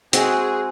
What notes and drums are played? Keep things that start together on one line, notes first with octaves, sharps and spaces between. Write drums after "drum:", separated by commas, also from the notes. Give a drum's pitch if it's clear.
G#3 C4 F#4 G#4, drum: hi-hat